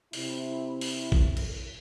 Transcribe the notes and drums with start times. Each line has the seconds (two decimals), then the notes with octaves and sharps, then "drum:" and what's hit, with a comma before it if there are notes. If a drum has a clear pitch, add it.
0.13 C3 E4, drum: open hi-hat
0.81 drum: open hi-hat
1.12 drum: kick A1
1.37 drum: cymbal